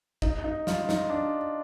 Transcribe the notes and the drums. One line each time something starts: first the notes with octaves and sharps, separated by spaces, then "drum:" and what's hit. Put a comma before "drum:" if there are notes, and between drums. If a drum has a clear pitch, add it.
D#4, drum: kick
D#4
F4, drum: snare
D#4, drum: snare
D4